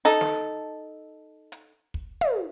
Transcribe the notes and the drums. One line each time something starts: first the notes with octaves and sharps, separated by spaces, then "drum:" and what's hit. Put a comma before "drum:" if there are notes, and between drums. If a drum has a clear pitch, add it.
D#4 A4
drum: snare
drum: hi-hat
drum: kick
drum: tom